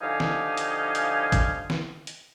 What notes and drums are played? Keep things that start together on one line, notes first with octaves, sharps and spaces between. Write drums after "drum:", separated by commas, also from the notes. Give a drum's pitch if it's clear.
D3 F3 D#4 G4 F5 G#5
drum: snare
drum: hi-hat
drum: hi-hat
drum: kick, hi-hat
drum: snare
drum: hi-hat